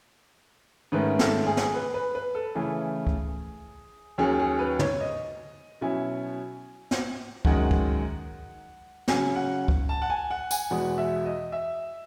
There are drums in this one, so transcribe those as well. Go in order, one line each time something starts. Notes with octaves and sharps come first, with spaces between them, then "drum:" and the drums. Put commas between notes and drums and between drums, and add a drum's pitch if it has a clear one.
G#2 D#3 A3 C#4 B4
A4, drum: snare
G#4
drum: snare
B4
B4
B4
A4
C#3 E3 A3 C#4 E4 G#4
drum: kick
D#2 D#3 F#3 C#4 G#4
G#4
B4
C#5, drum: tom
D#5
B2 F#3 C#4 E4 G#5
drum: snare
F#2 D#3 G#3 F#5, drum: kick
drum: kick
C#3 F#3 C#4 G#5, drum: snare
F#5
drum: kick
A5
F#5
G#5
F#5
G#5, drum: tambourine
E2 B2 G#3 F#5
E5
D#5
E5